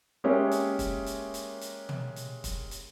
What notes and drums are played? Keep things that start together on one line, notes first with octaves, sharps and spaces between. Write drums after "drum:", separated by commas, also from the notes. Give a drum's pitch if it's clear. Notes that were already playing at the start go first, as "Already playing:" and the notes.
G#3 A#3 C#4 G4 G#4 E5
drum: hi-hat
drum: kick, hi-hat
drum: hi-hat
drum: hi-hat
drum: hi-hat
drum: tom
drum: hi-hat
drum: kick, hi-hat
drum: hi-hat